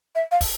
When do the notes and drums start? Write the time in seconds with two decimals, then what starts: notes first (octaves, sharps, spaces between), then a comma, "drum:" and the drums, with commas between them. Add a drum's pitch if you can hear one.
0.15 E5
0.32 F5
0.41 drum: kick, open hi-hat